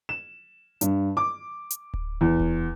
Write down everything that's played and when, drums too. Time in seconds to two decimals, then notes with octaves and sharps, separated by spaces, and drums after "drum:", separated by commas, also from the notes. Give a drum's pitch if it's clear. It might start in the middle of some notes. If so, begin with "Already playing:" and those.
0.09 E7
0.81 G2, drum: hi-hat
1.17 D6
1.70 drum: hi-hat
1.94 drum: kick D1
2.21 E2
2.40 drum: kick D1